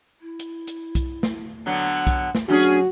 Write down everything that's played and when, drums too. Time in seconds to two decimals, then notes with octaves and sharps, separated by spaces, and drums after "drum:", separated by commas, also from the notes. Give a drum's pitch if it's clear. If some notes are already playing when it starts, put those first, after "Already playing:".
0.21 E4
0.39 drum: hi-hat
0.67 drum: hi-hat
0.95 drum: kick B1, hi-hat
1.23 drum: snare
1.66 D3 F#3 B3 F#5
2.07 drum: kick B1, hi-hat
2.35 drum: snare
2.49 E3 F#3 C#4 D4 F#4 G#4
2.62 drum: hi-hat